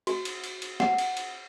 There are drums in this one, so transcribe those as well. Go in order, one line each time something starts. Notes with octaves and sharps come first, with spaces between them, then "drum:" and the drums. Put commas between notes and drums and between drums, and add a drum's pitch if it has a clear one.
F#4, drum: cymbal
drum: cymbal
drum: cymbal
drum: cymbal
F#5, drum: snare
drum: cymbal
drum: cymbal